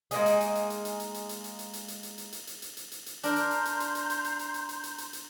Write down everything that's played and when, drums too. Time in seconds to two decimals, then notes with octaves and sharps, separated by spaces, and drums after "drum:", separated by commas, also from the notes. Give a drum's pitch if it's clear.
0.11 G#3 A#3 D#4 G#4, drum: hi-hat
0.26 drum: hi-hat
0.41 drum: hi-hat
0.55 drum: hi-hat
0.70 drum: hi-hat
0.85 drum: hi-hat
1.00 drum: hi-hat
1.14 drum: hi-hat
1.29 drum: hi-hat
1.44 drum: hi-hat
1.59 drum: hi-hat
1.73 drum: hi-hat
1.88 drum: hi-hat
2.03 drum: hi-hat
2.18 drum: hi-hat
2.32 drum: hi-hat
2.47 drum: hi-hat
2.62 drum: hi-hat
2.77 drum: hi-hat
2.92 drum: hi-hat
3.06 drum: hi-hat
3.23 D4 A#4 A#5 C6 G6, drum: hi-hat
3.36 drum: hi-hat
3.51 drum: hi-hat
3.65 drum: hi-hat
3.80 drum: hi-hat
3.95 drum: hi-hat
4.10 drum: hi-hat
4.24 drum: hi-hat
4.39 drum: hi-hat
4.54 drum: hi-hat
4.69 drum: hi-hat
4.83 drum: hi-hat
4.98 drum: hi-hat
5.13 drum: hi-hat